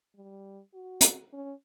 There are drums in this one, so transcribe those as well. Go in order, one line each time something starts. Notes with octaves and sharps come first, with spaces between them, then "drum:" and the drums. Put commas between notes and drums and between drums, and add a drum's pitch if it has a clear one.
G3
F#4
drum: hi-hat
C#4